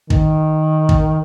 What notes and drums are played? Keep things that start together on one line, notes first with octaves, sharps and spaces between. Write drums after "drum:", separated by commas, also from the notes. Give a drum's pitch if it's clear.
D#3, drum: kick
drum: kick